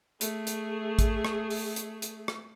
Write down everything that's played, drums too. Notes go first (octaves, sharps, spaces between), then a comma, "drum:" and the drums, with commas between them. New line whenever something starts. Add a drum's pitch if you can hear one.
A3 G#4, drum: hi-hat
drum: hi-hat
drum: kick, hi-hat
drum: rim click
drum: open hi-hat
drum: hi-hat
drum: hi-hat
drum: rim click